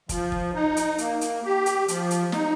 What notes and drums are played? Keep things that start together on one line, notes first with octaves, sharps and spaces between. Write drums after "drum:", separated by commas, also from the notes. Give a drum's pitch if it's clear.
F3, drum: kick, hi-hat
drum: kick
D#4
drum: hi-hat
A#3, drum: hi-hat
drum: hi-hat
G4
drum: hi-hat
F3, drum: hi-hat
drum: hi-hat
D#4, drum: snare